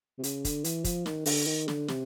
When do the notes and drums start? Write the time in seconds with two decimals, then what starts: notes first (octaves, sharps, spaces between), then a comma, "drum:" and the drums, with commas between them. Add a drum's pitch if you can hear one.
0.18 C3
0.23 C#3, drum: hi-hat
0.45 D3, drum: kick, hi-hat
0.64 E3, drum: hi-hat
0.84 F3, drum: kick, hi-hat
1.06 D#3, drum: snare
1.26 D3, drum: open hi-hat
1.47 D#3
1.68 D3, drum: snare
1.88 C3, drum: snare